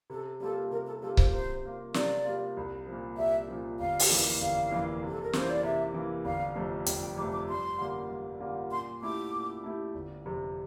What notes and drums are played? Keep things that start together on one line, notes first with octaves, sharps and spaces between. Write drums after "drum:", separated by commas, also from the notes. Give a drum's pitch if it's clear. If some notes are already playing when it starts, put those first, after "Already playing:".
C3 A4
G3 A#3 F4 A4
C3 A#4
A4
G3 A#3 F4 A4
C5, drum: kick C#1
C3 C5
G3 A#3 F4
C3 D5, drum: snare
G3 A#3 F4
C2
A#2 F3
C2 E5
A#2 F3
G1 F5
drum: open hi-hat
F2 E3 A#3
G1 F5
F2 E3 A#3
C3
A4
A#4
E3 A#3 C5, drum: snare
D5
C3 E5
E3 A#3
G1 F5
F2 C3 F3 A3
G1 G5, drum: hi-hat
G5
F2 C3 F3 A3 D6
D6
G2 C6
D3 G3 A#3 F4
G2
D3 G3 A#3 F4
A#2 C6
A3 E4 G4 D6
A#2
A3 E4 G4
G1
F2 C3